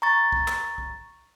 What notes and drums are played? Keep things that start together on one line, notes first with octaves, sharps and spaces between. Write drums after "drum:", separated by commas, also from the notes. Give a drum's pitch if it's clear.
A#5 C#6 A6
drum: kick B1
drum: clap
drum: kick B1